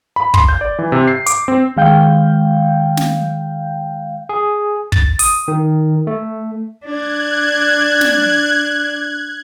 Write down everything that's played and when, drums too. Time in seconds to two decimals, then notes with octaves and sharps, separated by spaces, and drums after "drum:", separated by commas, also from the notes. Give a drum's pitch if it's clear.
0.16 B5
0.34 C6, drum: kick
0.49 G6
0.61 D5
0.79 E3
0.92 C3
1.08 C7
1.26 D6, drum: hi-hat
1.48 C4
1.77 D#3 G#3 F5 G5 G6
2.97 drum: snare
4.29 G#4
4.92 A6, drum: kick
5.19 D#6, drum: open hi-hat
5.48 D#3
6.07 A3
6.85 D4 F#6 G#6
8.01 drum: snare